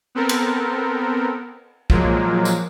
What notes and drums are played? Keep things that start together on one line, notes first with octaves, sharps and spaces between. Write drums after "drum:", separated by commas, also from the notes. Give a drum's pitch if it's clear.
B3 C4 A4 A#4
drum: cymbal
A#2 F3 F#3 G#3 A#3, drum: kick
drum: tambourine